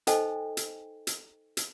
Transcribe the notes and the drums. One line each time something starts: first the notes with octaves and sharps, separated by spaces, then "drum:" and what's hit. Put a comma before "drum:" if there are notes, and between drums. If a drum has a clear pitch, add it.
D#4 A4 C5 D#5 G5 G#5, drum: hi-hat
drum: hi-hat
drum: hi-hat
drum: hi-hat